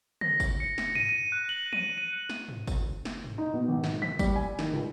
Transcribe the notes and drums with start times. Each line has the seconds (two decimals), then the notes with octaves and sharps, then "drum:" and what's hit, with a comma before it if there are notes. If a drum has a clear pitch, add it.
0.21 A#6, drum: tom
0.40 drum: kick, tambourine
0.60 C#7
0.78 drum: snare
0.95 D#7, drum: tom
1.09 D#7
1.32 F#6
1.49 F#7
1.73 D#7, drum: tom
1.98 D#7
2.30 drum: snare
2.48 drum: tom
2.67 drum: kick, tambourine
3.05 drum: snare
3.24 drum: tom
3.38 D#4
3.54 B2
3.68 G#1
3.84 G#1, drum: snare
4.02 B6, drum: tom
4.19 G3, drum: kick, tambourine
4.36 G#5
4.59 D#3, drum: snare
4.73 C#2